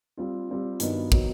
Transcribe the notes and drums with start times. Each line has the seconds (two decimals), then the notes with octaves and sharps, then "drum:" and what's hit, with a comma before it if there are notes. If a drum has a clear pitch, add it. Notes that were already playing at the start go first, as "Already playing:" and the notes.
0.17 G3 C4 F4
0.49 G3 C4 F4
0.80 G2 D#3 F#3 B3 D#4, drum: hi-hat
1.12 D#3 F#3 B3 D#4, drum: kick